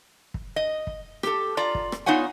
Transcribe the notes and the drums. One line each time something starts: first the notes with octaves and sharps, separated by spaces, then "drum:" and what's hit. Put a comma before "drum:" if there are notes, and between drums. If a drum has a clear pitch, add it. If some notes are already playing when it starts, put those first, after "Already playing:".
drum: kick
D#5
drum: kick
G4 A4, drum: rim click
F4 D5 A#5
drum: kick
drum: rim click
B3 D#4 F4 C#5 F#5 G#5